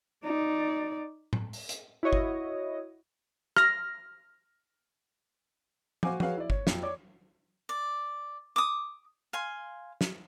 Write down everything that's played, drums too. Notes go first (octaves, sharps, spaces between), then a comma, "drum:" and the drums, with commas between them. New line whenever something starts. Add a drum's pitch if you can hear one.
D#4 D5
drum: tom A2
drum: open hi-hat
drum: hi-hat
E4 F#4 C#5 D#5
drum: kick G1
F6 A#6, drum: rim click
F#4 C5 F5 G#5 D6, drum: tom
F#4 G#4 B4 C#5 F5, drum: tom
E4 D5
C#5, drum: kick G1
F2, drum: snare
C#5 D5 D6
D5
D6 D#6
F5 G#5 C6
drum: snare